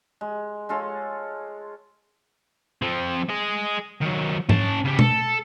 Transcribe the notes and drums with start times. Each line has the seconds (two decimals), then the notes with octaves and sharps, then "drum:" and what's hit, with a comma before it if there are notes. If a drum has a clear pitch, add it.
0.21 G#3
0.69 G#3 F4 A4 C#5
2.82 F3 C4
3.30 G#4 D#5
4.02 D#3 F#3
4.49 C#4 A5, drum: tom G#2
4.85 C#3 G4
4.99 A4, drum: tom B2